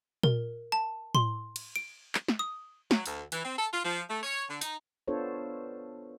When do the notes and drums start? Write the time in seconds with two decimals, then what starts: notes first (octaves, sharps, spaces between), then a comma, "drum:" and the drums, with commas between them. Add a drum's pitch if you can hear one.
0.23 A#4, drum: tom A#2
0.72 A5
1.15 C6, drum: tom A2
1.56 drum: cymbal
1.76 D7
2.15 drum: clap
2.28 drum: snare
2.39 D#6
2.91 F#3, drum: snare
3.06 D2, drum: hi-hat
3.32 E3, drum: hi-hat
3.44 C4
3.57 A4
3.72 F4
3.84 F3
4.08 A3
4.23 C#5
4.48 D3
4.62 D#4, drum: hi-hat
5.08 B3 D4 F4 A4 C5 C#5